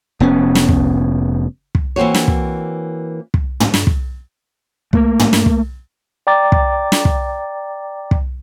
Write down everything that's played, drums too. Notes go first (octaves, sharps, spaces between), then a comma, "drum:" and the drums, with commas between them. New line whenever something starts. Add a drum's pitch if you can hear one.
F1 B3 C#4
drum: snare
drum: kick
drum: kick
E3 A#3 C4 F#4 C#5
drum: snare
drum: kick
drum: kick
drum: tom
drum: snare
drum: kick
A3 A#3, drum: kick
drum: tom
drum: snare
drum: kick
D5 G5 A#5 D6 A6
drum: kick
drum: snare
drum: kick
drum: kick